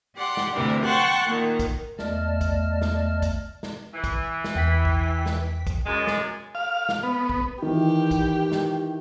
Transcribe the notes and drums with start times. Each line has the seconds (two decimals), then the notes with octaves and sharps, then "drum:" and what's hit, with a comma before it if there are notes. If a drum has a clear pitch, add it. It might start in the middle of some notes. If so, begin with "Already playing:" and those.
0.17 G4 D5 F#5 C6
0.37 drum: snare
0.54 D2 C3 E3 D4 G4 A#4
0.84 F#5 G5 A5 C6 C#6 F#6
1.26 A#2 D#3
1.59 drum: kick, hi-hat
1.99 E2 A3 D5 D#5 A5 F6, drum: snare
2.41 drum: kick, hi-hat
2.82 drum: snare
3.22 drum: kick, hi-hat
3.63 drum: snare
3.94 E3
4.04 drum: kick, hi-hat
4.44 drum: snare
4.55 E2 G5 B6
4.85 drum: kick
5.26 drum: snare
5.67 drum: kick, hi-hat
5.85 F#2 G#3
6.07 drum: snare
6.55 F5
6.89 drum: snare
7.03 B3
7.30 drum: kick
7.62 D#3 E3 G4
8.11 drum: kick, hi-hat
8.52 drum: snare